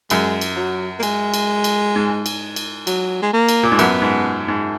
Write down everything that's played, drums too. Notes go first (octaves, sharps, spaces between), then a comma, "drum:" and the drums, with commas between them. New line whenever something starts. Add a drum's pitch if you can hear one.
F#2 G#3, drum: cymbal
drum: cymbal
F#3
A#3
G#3, drum: cymbal
drum: cymbal
drum: cymbal
G#2
drum: cymbal
drum: cymbal
F#3, drum: cymbal
G#3
A#3
drum: cymbal
A#2
G#2
F#2 B3, drum: cymbal
G#2
G#2